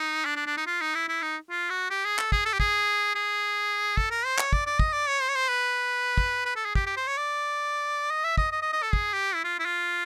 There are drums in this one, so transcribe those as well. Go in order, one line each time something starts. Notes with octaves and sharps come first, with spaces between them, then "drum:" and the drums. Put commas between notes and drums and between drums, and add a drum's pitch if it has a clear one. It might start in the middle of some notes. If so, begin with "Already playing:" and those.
Already playing: D#4
D4
D4
D4
D#4
F4
D#4
E4
E4
D#4
F4
F#4
G4
G#4
A4, drum: clap
G#4, drum: kick
A4
G4
G#4, drum: kick
G#4
A4, drum: kick
A#4
C5
C#5, drum: clap
D5, drum: kick
D5
D#5, drum: kick
D5
C#5
C5
C#5
C5
B4
drum: kick
B4
A4
G#4
G4, drum: kick
G4
C5
C#5
D5
D#5
E5
D#5, drum: kick
D#5
D#5
D#5
A4
G#4, drum: kick
G4
E4
F4
E4
F4